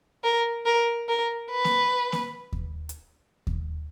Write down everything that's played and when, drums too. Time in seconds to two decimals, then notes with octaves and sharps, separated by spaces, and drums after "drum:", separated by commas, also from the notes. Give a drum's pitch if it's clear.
0.24 A#4
0.66 A#4
1.09 A#4
1.51 B4
1.64 drum: snare A#3
2.12 drum: snare A#3
2.52 drum: kick D#2
2.89 drum: hi-hat
3.47 drum: kick D#2